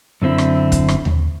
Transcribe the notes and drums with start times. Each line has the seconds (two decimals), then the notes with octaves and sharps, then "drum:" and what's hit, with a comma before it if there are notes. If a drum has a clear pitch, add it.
0.22 F#2 D3 C4 E4
0.38 drum: rim click
0.72 drum: kick, hi-hat
0.88 drum: rim click
1.05 drum: tom D#2